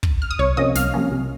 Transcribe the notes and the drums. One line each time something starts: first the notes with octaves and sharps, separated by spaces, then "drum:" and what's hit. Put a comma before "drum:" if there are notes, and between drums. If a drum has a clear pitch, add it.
drum: kick
F6
D#6
C2 C#5 C#6
C3 F3 A#3 C#4 D#5 D#6
C2 F5 F6, drum: snare
C3 F3 A#3 C#4
C2